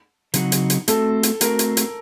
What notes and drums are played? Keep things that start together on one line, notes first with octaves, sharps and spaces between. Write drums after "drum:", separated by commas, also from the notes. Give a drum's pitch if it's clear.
C#3 F#3 C4 D#4 F#4, drum: hi-hat
drum: hi-hat
drum: hi-hat
A3 C4 F#4 A4, drum: hi-hat
drum: hi-hat
A3 C4 F#4 A#4, drum: hi-hat
drum: hi-hat
drum: hi-hat